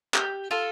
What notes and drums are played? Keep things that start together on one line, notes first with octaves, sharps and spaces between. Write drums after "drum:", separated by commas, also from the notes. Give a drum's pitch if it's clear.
G4, drum: clap
F4 A4